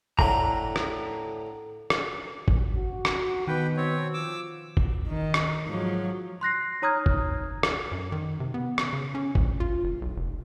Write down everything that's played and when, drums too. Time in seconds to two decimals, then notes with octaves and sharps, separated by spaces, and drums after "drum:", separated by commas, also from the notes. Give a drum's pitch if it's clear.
0.19 A2 D3 A#5, drum: kick
0.76 drum: rim click
1.90 drum: rim click
2.48 drum: kick
2.74 F#4
3.05 drum: rim click
3.47 B2 D#3 B4 G5
3.77 C4 C#5
4.14 F3 D6 E6
4.77 drum: kick
5.08 D#3
5.34 drum: rim click
5.67 G#2 F3 F#3
6.41 C6 F#6 A#6 C7
6.82 D#4 C#5 A#5 D#6 F6 G#6
7.06 drum: kick
7.63 drum: rim click
7.92 F#2
8.12 D#3
8.40 C3
8.54 B3
8.78 drum: rim click
8.93 C#3
9.15 C#4
9.35 D2, drum: kick
9.60 F4
9.84 F#1
10.02 B1
10.16 F1